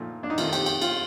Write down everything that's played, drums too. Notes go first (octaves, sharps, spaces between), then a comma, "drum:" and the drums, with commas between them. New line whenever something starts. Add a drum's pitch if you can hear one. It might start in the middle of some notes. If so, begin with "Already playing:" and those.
Already playing: A#2 F3 A3 D#4
D4
D#4
F2 D#3 A3 F4, drum: cymbal
G4, drum: cymbal
G4, drum: cymbal
F4, drum: cymbal